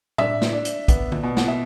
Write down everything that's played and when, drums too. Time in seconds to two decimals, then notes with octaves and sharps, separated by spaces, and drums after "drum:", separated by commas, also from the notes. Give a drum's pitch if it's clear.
0.18 D4 E5, drum: tom A2
0.42 drum: snare
0.53 D4
0.65 drum: hi-hat
0.88 B3, drum: kick, hi-hat
1.12 drum: tom D3
1.23 B2
1.37 F#5, drum: snare
1.48 E5